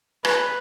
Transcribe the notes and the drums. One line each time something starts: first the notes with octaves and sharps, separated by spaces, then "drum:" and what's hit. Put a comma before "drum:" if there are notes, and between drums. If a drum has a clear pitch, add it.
B4, drum: rim click